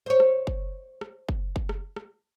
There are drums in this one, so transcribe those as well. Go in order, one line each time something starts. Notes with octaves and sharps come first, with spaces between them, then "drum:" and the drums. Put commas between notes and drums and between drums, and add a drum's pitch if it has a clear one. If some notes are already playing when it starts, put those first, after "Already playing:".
C5 C#5
drum: rim click
drum: kick F#1
drum: rim click
drum: kick F#1
drum: kick F#1
drum: rim click
drum: rim click